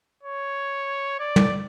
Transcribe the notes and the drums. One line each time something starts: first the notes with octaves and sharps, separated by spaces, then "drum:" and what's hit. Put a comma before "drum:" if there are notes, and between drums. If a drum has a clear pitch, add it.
C#5
D5
drum: tom